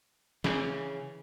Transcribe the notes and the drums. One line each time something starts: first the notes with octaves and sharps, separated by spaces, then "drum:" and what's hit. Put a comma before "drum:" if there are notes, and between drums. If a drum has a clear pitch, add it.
C#3 E3, drum: snare